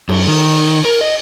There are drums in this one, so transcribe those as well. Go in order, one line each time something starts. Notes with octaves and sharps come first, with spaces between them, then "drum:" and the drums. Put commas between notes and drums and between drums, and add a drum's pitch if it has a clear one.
F#2, drum: cymbal
D#3
A#4
D#5